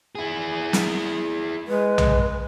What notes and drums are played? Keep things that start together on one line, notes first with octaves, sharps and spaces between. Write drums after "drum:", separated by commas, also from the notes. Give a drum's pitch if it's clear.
E4 G#4
drum: snare
G#3 B4
drum: tom B1